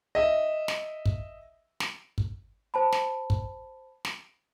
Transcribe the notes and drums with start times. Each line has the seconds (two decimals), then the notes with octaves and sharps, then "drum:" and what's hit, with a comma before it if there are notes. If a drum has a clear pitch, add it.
0.15 D#5 E5
0.68 drum: snare
1.06 drum: kick
1.80 drum: snare
2.18 drum: kick
2.74 C5 A5 B5
2.92 drum: snare
3.30 drum: kick
4.05 drum: snare